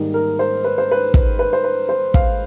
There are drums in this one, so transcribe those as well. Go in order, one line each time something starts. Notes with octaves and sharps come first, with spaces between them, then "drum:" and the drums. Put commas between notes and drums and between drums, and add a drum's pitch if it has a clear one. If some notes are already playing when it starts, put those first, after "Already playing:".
Already playing: G#2 D#3 G3 A#3
A#4
C5
B4
C5
B4
drum: kick
B4
C5
B4
C5
F5, drum: kick